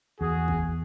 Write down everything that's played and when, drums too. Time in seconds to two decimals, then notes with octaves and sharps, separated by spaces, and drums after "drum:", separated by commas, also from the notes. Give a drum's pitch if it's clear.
0.21 E2 F#4 G#4
0.48 drum: kick